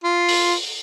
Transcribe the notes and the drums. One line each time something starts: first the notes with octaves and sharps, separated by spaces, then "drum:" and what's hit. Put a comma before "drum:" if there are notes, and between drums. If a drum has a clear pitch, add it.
F4
drum: open hi-hat